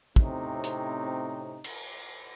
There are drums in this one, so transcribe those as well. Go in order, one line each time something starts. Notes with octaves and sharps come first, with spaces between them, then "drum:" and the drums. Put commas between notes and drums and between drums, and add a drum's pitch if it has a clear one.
A2 C3 C4 C#4 D#4, drum: kick
drum: hi-hat
drum: cymbal